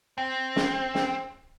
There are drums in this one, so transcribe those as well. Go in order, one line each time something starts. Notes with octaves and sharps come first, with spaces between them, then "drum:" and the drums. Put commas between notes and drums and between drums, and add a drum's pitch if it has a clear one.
C4
drum: snare
drum: snare